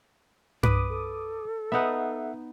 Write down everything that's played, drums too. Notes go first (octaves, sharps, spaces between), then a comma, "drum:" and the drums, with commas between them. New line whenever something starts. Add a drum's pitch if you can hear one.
B4 D6 D#6, drum: tom G2
A4
B3 D#4 B4 E5 F#5